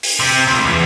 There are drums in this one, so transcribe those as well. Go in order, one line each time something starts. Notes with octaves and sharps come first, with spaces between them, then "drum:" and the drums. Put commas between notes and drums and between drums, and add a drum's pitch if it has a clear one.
drum: open hi-hat
C3
C#2
E2